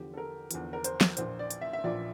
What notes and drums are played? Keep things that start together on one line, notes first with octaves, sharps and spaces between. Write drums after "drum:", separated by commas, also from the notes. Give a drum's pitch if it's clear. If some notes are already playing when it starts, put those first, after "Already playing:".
Already playing: E2 D3 F3 G4
A4
A#4
E2 D3 F3, drum: hi-hat
A#4
C5, drum: hi-hat
drum: snare
A#1 A#2 F3 C5, drum: hi-hat
D5
drum: hi-hat
E5
E5
A#1 A#2 F3 D5